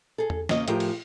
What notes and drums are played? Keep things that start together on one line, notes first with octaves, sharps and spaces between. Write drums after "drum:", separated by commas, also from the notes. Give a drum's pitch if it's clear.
G#4 A4
drum: tom E2
C#3 A#3 D#5, drum: snare
A2 F3 G4 G#4 A#4, drum: hi-hat
drum: cymbal